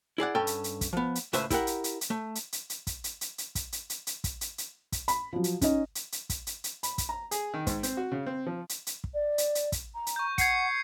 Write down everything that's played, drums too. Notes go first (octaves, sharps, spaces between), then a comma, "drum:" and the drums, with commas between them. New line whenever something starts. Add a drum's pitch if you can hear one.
E4 G#4 D5 F#5
G2 C#4 A4 G5
drum: hi-hat
drum: hi-hat
drum: kick, hi-hat
F3 B3
drum: hi-hat
C#2 A2 B4 C5 E5, drum: hi-hat
E4 G4 A#4 F#5, drum: kick, hi-hat
drum: hi-hat
drum: hi-hat
drum: hi-hat
A3
drum: hi-hat
drum: hi-hat
drum: hi-hat
drum: kick, hi-hat
drum: hi-hat
drum: hi-hat
drum: hi-hat
drum: kick, hi-hat
drum: hi-hat
drum: hi-hat
drum: hi-hat
drum: kick, hi-hat
drum: hi-hat
drum: hi-hat
drum: kick, hi-hat
B5, drum: hi-hat
F3 F#3
drum: hi-hat
C#4 D#4 D#5, drum: kick, hi-hat
drum: hi-hat
drum: hi-hat
drum: kick, hi-hat
drum: hi-hat
drum: hi-hat
B5, drum: hi-hat
drum: kick, hi-hat
A#5
G#4, drum: hi-hat
D#3
G#2, drum: kick, hi-hat
C4, drum: hi-hat
F#4
C#3
C4
F3
drum: hi-hat
drum: hi-hat
drum: kick
D5
drum: hi-hat
drum: hi-hat
drum: kick, hi-hat
A#5
drum: hi-hat
C#6 G6
F#5 G#6 C7 C#7, drum: kick, hi-hat